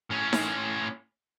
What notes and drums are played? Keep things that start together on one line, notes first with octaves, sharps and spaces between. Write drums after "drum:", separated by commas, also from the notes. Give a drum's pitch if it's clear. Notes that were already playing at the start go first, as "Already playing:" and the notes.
A2 C#4
drum: snare D#4